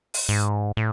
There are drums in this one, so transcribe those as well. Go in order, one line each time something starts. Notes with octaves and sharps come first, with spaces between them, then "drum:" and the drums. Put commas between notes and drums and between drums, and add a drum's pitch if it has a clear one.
drum: open hi-hat
G#2
A2